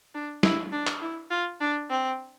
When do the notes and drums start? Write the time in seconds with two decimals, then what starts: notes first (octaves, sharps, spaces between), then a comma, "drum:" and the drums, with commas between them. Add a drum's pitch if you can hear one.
0.15 D4
0.43 E4, drum: snare
0.72 D4
0.87 drum: clap
1.02 E4
1.31 F4
1.61 D4
1.90 C4